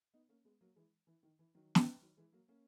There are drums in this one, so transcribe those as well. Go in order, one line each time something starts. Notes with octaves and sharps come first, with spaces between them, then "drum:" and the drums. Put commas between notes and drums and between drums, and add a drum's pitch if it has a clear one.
B3 D#4
A#3 C#4
G#3 B3
F#3 A#3
E3 G#3
E3
D#3
E3
D#3 F#3
drum: snare
D#3 F#3
E3 G#3
F#3 A#3
A#3 C#4